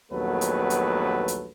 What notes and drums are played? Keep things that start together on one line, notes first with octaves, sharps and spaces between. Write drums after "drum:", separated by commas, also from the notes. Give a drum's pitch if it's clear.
A#1 D#2 F#3 A3 B3 B4
drum: hi-hat
drum: hi-hat
drum: hi-hat